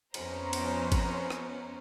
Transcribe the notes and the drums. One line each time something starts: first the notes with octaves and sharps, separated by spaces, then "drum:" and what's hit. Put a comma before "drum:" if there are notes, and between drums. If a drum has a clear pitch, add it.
F2 B3 C#4 C5 A#5, drum: cymbal
drum: cymbal
drum: kick G#1, cymbal
drum: rim click